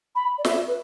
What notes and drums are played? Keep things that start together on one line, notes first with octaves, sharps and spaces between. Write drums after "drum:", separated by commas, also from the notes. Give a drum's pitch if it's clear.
B5
D5
E5, drum: snare
B4